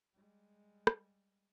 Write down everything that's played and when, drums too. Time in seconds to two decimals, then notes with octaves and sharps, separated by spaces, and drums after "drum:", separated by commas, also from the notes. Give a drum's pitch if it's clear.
0.15 G3 G#3
0.87 drum: rim click